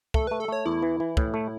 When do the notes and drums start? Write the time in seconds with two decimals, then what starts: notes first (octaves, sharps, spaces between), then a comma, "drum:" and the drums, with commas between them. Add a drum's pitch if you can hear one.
0.14 A3 A4, drum: kick
0.27 A3 B4
0.40 A4
0.48 A3 C#5
0.66 E2 E4
0.82 E3
1.00 E3
1.17 A2, drum: kick
1.34 A3